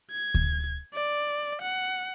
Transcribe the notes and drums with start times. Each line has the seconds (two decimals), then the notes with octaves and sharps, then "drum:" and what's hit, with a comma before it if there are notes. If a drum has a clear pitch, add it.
0.11 G#6
0.34 drum: kick D2
0.94 D5
1.62 F#5